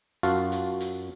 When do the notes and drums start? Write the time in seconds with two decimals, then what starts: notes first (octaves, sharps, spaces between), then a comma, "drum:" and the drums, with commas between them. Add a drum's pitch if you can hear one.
0.23 F#2 F4 F#4 F5 A5, drum: hi-hat
0.52 drum: hi-hat
0.81 drum: hi-hat